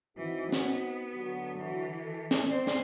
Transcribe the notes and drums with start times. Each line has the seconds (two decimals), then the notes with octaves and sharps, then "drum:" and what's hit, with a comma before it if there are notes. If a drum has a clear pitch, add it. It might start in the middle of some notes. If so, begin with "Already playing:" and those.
0.17 E3 C4 D#4 F#4
0.52 B3, drum: snare
1.15 D3 F#3 F#4
1.59 E3
2.03 A4
2.31 drum: snare
2.48 C4 C5 D5
2.67 drum: snare